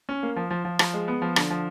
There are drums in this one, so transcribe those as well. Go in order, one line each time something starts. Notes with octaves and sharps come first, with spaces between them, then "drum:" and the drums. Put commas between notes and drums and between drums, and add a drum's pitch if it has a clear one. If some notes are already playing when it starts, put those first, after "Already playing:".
C#4
A#3
F3
F3
F3
F3, drum: rim click
G#3
B3
F3
D3, drum: rim click
F3